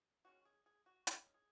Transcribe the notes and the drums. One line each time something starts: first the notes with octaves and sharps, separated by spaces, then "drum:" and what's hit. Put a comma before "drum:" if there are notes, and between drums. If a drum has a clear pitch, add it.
D#3 G#3 C#4 F#4
G#4
G#4
F#4
D#3 G#3 C#4 G#4, drum: hi-hat
G#4